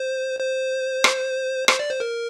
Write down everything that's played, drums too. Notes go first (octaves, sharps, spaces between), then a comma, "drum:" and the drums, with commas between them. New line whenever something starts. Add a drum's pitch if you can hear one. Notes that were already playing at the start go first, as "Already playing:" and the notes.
Already playing: C5
C5
drum: rim click
C5, drum: rim click
D5
C5
A#4